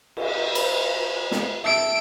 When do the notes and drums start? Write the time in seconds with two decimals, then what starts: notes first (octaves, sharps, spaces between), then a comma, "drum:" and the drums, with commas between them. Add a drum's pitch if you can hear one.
0.17 drum: cymbal
0.55 B4 C5 B5, drum: cymbal
1.31 drum: snare
1.64 E5 A5 E6 D7